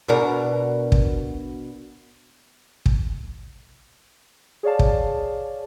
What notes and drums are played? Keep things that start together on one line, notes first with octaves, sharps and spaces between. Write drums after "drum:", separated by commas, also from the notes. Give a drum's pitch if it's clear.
B2 D4 A#4
drum: kick
drum: kick
G#4 C#5 D5 F5 A5
drum: kick